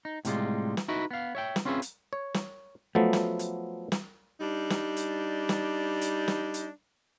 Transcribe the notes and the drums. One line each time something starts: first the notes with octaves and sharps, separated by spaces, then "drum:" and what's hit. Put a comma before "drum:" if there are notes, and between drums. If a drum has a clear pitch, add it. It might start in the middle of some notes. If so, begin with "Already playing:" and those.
D#4
A2 C3 E3 G3 G#3 F4, drum: hi-hat
drum: snare
D#4 E4 F#4 B4 D#5 E5
B3 F5
C#5 E5 G5
drum: snare
C4 C#4 F4 G#4 B4 E5
drum: hi-hat
C#5
drum: snare
F3 F#3 A3 B3
drum: snare
drum: hi-hat
drum: snare
G3 D4 D#4
drum: snare
drum: hi-hat
drum: snare
drum: hi-hat
drum: snare
drum: hi-hat